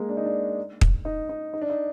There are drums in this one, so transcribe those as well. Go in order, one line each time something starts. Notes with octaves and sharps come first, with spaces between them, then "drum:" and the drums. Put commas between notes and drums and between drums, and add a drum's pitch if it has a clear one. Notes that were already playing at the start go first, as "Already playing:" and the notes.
Already playing: G#3 A#3
D4
D#4
D4
drum: kick
D#4
D#4
D#4
D4
D#4